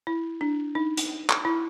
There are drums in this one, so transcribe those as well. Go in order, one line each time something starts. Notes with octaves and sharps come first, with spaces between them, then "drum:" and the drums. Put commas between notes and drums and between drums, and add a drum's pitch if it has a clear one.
E4
D4
D#4
drum: hi-hat
drum: clap
E4